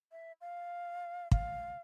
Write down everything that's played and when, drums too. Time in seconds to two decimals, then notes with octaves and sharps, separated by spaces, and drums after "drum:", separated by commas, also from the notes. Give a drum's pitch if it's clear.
0.12 E5
0.41 F5
1.31 F5, drum: kick